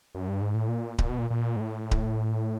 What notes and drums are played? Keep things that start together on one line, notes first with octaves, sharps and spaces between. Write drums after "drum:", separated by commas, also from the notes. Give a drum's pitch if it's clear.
F#2
G2
G#2
A2
A#2
A#2, drum: kick D1
B2
A#2
A#2
G#2
A2
drum: kick D1